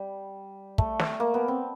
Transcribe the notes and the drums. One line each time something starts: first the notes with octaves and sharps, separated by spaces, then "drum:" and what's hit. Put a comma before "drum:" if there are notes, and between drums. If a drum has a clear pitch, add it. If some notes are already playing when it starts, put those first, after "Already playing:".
Already playing: G3
A3, drum: kick
drum: snare
A#3
B3
C4